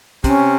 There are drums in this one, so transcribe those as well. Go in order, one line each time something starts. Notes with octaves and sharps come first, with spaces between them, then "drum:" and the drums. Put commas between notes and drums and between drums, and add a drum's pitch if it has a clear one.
C3 C#4, drum: kick, hi-hat